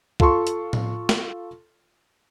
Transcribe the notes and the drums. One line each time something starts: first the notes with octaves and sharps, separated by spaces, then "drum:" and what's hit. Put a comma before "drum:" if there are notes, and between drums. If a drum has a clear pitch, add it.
F4 A4 C6 C#6, drum: kick
drum: hi-hat
drum: tom A2
drum: snare